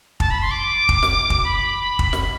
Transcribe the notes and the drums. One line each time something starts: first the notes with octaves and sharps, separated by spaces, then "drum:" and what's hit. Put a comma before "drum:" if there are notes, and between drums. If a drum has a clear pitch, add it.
A5, drum: kick
B5
C6
D6
drum: kick
drum: snare
drum: kick
B5
drum: kick
drum: snare